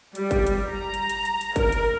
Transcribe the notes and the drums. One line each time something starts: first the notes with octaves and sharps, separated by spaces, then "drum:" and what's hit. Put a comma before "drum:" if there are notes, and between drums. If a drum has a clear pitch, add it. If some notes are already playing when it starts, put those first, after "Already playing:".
G3, drum: hi-hat
drum: kick, hi-hat
drum: hi-hat
A#5
drum: hi-hat
drum: hi-hat
drum: hi-hat
drum: hi-hat
A#4, drum: kick, hi-hat
drum: hi-hat